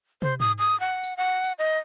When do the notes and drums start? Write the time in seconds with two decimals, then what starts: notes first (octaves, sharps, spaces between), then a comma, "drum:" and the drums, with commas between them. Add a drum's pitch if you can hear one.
0.22 C5, drum: tom
0.40 D#6, drum: tom G#2
0.59 D#6
0.80 F#5
1.03 drum: tambourine
1.17 F#5
1.44 drum: tambourine
1.59 D#5